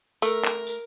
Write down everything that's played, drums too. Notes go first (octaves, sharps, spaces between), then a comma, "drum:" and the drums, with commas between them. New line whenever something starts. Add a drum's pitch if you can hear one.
A3 A#4, drum: tambourine
drum: clap
drum: tambourine